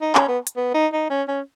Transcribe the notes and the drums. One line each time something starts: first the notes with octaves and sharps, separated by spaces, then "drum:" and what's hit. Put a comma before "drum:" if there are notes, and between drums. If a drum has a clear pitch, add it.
D#4
C#4, drum: clap
B3
drum: hi-hat
B3
D#4
D#4
C#4
C#4